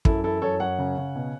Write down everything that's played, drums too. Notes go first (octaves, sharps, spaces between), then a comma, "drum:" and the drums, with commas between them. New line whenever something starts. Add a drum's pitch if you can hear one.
F#2 E4 A4, drum: kick
E3 E4 A4
F#2 A4 C#5
F#2 C#5 F#5
C#3
C#3
B2